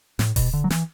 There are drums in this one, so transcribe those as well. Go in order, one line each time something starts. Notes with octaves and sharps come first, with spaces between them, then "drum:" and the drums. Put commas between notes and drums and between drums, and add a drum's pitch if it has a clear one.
A2, drum: snare
B2, drum: kick D#1, open hi-hat
D3
F#3
E3, drum: snare